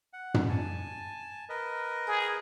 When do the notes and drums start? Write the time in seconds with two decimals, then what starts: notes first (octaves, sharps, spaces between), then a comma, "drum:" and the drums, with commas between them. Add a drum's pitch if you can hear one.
0.13 F#5
0.34 drum: tom
0.49 G#5 A5
1.49 A#4 B4 D#5
2.08 G#4